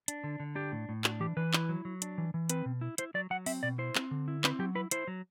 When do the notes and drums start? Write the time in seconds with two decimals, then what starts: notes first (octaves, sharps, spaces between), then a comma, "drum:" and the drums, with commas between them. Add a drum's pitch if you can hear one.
0.08 D4, drum: hi-hat
0.24 D3
0.40 D3
0.55 D4 G4
0.72 A2
0.89 A2
1.04 D4 F#4, drum: clap
1.20 E3 G4
1.37 E3 B4
1.53 E4, drum: clap
1.69 F#3
1.85 F#3
2.02 D4, drum: hi-hat
2.18 E3
2.34 E3
2.49 C4 B4, drum: hi-hat
2.66 B2
2.81 E4
2.98 E4 C5, drum: hi-hat
3.14 F#3 D5
3.30 F#3 F#5
3.46 C4 E5, drum: open hi-hat
3.63 B2 D5
3.78 E4 C5
3.95 C4, drum: clap
4.11 D3
4.28 E4
4.44 C4 B4, drum: clap
4.59 F#3 G4
4.75 E4 B4
4.91 E4 C5, drum: hi-hat
5.07 F#3